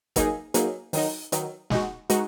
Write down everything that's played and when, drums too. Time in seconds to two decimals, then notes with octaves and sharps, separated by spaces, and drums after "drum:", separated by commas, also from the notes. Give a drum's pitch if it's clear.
0.16 F#3 A#3 D#4 G#4, drum: kick, hi-hat
0.54 F#3 A#3 D#4 G#4, drum: hi-hat
0.93 D#3 F#3 D#4, drum: open hi-hat
1.32 D#3 F#3 D#4, drum: hi-hat
1.70 G#3 D#4 F#4, drum: snare
2.10 G#3 D#4 F#4, drum: hi-hat